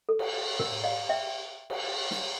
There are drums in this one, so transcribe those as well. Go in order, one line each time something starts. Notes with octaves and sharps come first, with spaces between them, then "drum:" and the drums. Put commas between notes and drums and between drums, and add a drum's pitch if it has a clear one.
A4
drum: cymbal
A#4, drum: tom
D5 F5
E5 G5
drum: cymbal
drum: snare